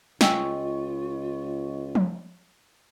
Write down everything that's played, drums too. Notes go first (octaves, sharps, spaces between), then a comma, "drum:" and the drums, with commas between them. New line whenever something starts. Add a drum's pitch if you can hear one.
C#2 F4 D#5 G5 G#5 C#6 E6, drum: snare
drum: tom F3